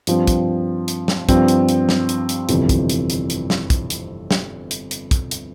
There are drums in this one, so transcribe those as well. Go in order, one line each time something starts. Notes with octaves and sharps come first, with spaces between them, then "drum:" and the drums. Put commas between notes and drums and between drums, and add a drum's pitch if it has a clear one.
G2 F3 C4, drum: hi-hat
drum: kick, hi-hat
drum: hi-hat
drum: snare
G2 F3 C4, drum: kick, hi-hat
drum: hi-hat
drum: hi-hat
drum: snare
drum: hi-hat
drum: hi-hat
G1 F2 C3 E3, drum: hi-hat
drum: kick, hi-hat
drum: hi-hat
drum: hi-hat
drum: hi-hat
drum: snare
drum: kick, hi-hat
drum: hi-hat
drum: snare
drum: hi-hat
drum: hi-hat
drum: kick, hi-hat
drum: hi-hat